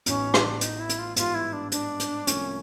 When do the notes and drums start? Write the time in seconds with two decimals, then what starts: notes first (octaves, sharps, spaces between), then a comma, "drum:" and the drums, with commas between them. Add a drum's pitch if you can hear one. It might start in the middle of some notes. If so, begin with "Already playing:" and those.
0.06 A1 A2 F#3 B3 C#4 D#4, drum: hi-hat
0.34 D4, drum: rim click
0.61 D#4, drum: hi-hat
0.80 E4
0.89 drum: hi-hat
0.99 F4
1.16 G#2 E3 G3 B3 F4, drum: hi-hat
1.35 E4
1.53 D4
1.72 D4, drum: hi-hat
2.00 drum: hi-hat
2.27 C2 C3 F3 A3 C#4, drum: hi-hat